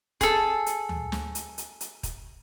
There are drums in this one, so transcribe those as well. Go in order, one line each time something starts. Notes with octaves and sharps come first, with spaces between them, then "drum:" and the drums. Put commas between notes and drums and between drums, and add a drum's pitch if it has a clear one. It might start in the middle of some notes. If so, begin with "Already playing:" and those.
G#4 A4, drum: kick, hi-hat
drum: hi-hat
drum: tom D2
drum: snare
drum: hi-hat
drum: hi-hat
drum: hi-hat
drum: kick, hi-hat